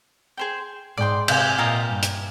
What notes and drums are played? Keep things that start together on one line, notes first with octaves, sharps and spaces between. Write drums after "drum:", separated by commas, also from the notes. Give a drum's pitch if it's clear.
G#4 C5 G5
G#2 D5 G5 C6
C3, drum: cymbal
A#2 F4 A#4 D#5
G2
drum: hi-hat